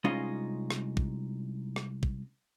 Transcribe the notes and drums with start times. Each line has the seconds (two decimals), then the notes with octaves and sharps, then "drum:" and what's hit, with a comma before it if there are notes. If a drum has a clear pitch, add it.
0.04 C2 G#3 C#4 D#4 F4 D#5
0.70 drum: rim click
0.97 drum: kick
1.76 drum: rim click
2.03 drum: kick